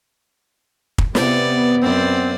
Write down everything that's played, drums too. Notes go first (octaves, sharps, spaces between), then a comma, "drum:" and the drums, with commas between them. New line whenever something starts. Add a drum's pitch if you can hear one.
drum: kick
C3 B3 D5, drum: snare
F#2 C4 C5 D5